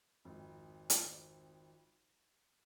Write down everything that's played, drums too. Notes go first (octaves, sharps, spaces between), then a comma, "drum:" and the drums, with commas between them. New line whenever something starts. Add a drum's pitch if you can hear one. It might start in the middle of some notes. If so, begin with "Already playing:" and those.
G#1 F2
drum: hi-hat